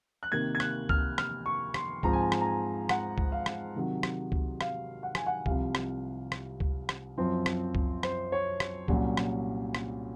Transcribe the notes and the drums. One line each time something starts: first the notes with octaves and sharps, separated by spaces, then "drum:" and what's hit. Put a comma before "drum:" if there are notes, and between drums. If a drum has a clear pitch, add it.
F#6
C3 D#3 A#3 G#6
G#6
F#6, drum: rim click
F6, drum: kick C#2
F6, drum: rim click
C#6
C6, drum: rim click
G#2 F3 C4 A#5, drum: kick C#2
G#5
A#5
drum: rim click
A#5
G#5
F#5, drum: rim click
drum: kick C#2
F5
drum: rim click
C3 D#3 F#3
drum: rim click
drum: kick C#2
F5, drum: rim click
F#5
G#5, drum: rim click
F#5
C2 C3 F3 F5, drum: kick C#2
drum: rim click
drum: rim click
drum: kick C#2
drum: rim click
F#2 F3 C4
drum: rim click
drum: kick C#2
C5, drum: rim click
C#5
drum: rim click
C2 A#2 F#3 C#4, drum: kick C#2
drum: rim click
drum: rim click